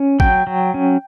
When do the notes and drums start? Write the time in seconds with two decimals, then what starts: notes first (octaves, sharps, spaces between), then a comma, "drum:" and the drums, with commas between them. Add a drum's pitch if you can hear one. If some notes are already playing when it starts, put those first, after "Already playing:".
Already playing: C#4
0.20 F#3 G5, drum: kick
0.47 F#3
0.74 C#4